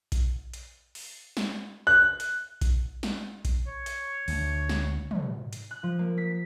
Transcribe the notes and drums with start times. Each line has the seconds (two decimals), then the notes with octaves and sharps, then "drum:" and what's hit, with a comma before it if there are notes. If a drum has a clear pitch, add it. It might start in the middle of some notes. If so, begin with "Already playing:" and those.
0.12 drum: kick A#1, hi-hat
0.54 drum: hi-hat
0.95 drum: open hi-hat
1.37 drum: snare
1.87 F#6
2.20 drum: hi-hat
2.61 drum: kick A#1, hi-hat
3.03 drum: snare
3.45 drum: kick A#1, hi-hat
3.68 C#5
3.86 drum: hi-hat
4.28 D2, drum: open hi-hat
4.69 drum: snare
5.11 drum: tom
5.53 drum: hi-hat
5.71 F#6
5.83 F3
5.99 A#3
6.17 B6
6.31 B6